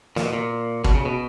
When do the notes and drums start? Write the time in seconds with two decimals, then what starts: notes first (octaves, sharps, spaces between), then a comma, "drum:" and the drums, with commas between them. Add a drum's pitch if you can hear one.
0.16 A#2, drum: snare
0.24 B2
0.33 A#2
0.84 B2, drum: kick
0.95 C#3
1.05 B2